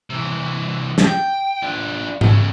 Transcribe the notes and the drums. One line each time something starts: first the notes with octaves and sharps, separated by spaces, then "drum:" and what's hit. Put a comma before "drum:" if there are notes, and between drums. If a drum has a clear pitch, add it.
C3 E3
drum: snare
G5
D4 F4
E2 C#3, drum: tom G#2